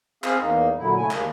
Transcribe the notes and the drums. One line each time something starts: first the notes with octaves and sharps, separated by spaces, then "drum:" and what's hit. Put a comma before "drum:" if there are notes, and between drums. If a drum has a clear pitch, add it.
C4 G#4 F5, drum: clap
E2 A#3 D#4
A#2 D3 F#3 E4
C#3 A3 E4 G#5
D#2 G#3 A#3, drum: clap